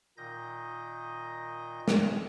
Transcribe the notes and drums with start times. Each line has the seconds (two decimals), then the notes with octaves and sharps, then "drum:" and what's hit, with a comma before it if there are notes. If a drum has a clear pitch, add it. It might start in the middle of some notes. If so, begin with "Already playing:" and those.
0.17 A#2 D#3 D#4 D#5 G6 A#6
1.88 drum: snare